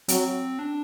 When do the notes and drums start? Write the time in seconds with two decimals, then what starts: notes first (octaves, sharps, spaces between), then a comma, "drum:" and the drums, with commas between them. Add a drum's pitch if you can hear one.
0.08 F#3 C4, drum: hi-hat
0.59 D4